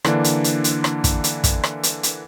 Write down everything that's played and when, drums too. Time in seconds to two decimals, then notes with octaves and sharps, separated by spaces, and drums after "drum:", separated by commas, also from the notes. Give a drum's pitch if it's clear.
0.05 D3 E3 A#3 D4, drum: rim click
0.24 drum: hi-hat
0.44 drum: hi-hat
0.64 drum: hi-hat
0.84 drum: rim click
1.04 drum: kick, hi-hat
1.24 drum: hi-hat
1.44 drum: kick, hi-hat
1.63 drum: rim click
1.83 drum: hi-hat
2.03 drum: hi-hat